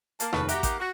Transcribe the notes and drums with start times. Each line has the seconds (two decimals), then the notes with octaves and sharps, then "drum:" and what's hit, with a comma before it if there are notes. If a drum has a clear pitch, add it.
0.20 A#3 A5, drum: hi-hat
0.33 F1 D#2 C#3 B4 C#6, drum: rim click
0.49 F#4 G4 E5 F#5 A#5 D6, drum: hi-hat
0.63 D#3 A#3 G4, drum: kick A1, hi-hat
0.79 F#4